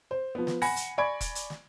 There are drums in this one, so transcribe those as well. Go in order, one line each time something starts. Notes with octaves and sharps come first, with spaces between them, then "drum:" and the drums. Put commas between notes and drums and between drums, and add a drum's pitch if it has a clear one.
C5
F3 B3
drum: snare
F#5 G#5 B5 A#6 C#7, drum: open hi-hat
drum: hi-hat
D5 G#5 B5 C#6 G#6 D7
drum: kick E1, hi-hat
drum: hi-hat
drum: snare